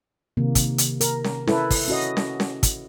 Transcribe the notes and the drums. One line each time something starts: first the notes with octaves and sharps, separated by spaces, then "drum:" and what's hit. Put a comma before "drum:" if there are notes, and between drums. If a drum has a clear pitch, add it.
C3 D#3 A#3
drum: kick, hi-hat
drum: hi-hat
A#4, drum: hi-hat
drum: snare C#4
E4 A4 B4, drum: snare C#4
drum: kick, open hi-hat
C#4 F#4 D#5
drum: snare C#4
drum: snare C#4
drum: kick, hi-hat